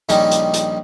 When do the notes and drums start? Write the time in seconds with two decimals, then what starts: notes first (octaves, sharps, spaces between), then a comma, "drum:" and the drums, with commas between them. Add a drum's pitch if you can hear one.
0.09 A#1 D#3 G3 C#4 D#4, drum: hi-hat
0.31 drum: hi-hat
0.53 drum: hi-hat